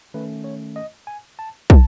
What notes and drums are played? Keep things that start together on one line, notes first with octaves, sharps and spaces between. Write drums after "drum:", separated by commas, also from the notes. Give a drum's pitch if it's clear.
D#3 A3 C#4 B4
C#5
D#5
G#5
A5
A5, drum: kick